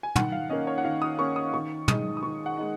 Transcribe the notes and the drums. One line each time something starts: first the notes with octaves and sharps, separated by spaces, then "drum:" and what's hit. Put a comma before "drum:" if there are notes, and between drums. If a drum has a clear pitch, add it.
G#5
D#3 F#5, drum: tom
F5
A#3 C#4 D#5
C#5
F#5
D#3 F5
D#6
A#3 C#4 C#6
D#6
D#3 C#6
G#3 D#4 D#6, drum: tom
D#6
D#3 C#6
F#5
G#3 D#4